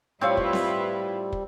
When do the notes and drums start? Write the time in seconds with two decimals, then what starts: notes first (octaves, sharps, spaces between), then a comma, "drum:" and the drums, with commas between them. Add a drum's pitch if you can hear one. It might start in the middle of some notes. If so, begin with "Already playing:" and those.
0.21 A2 G3 C4 E4 F4 B4 C#5 F5
0.37 drum: kick
0.53 drum: snare C4
1.32 drum: kick